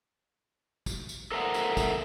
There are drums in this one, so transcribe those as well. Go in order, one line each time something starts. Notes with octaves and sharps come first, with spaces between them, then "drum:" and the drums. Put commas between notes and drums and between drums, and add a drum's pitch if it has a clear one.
drum: kick, tambourine
drum: tambourine
A4 A#4 C5 D#5 E5 F#5
drum: tambourine
drum: kick, tambourine